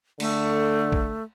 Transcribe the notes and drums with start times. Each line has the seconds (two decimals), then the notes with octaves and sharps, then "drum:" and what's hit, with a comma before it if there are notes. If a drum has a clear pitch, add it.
0.20 D3 A3, drum: cymbal
0.92 drum: kick A#1